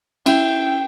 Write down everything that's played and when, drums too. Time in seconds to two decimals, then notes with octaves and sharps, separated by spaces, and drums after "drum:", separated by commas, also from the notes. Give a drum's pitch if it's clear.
0.26 C#4 E4 G5, drum: cymbal